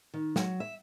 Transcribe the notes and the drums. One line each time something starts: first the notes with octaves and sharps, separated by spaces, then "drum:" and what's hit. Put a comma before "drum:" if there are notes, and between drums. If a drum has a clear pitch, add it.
D#3
F#3, drum: snare
E5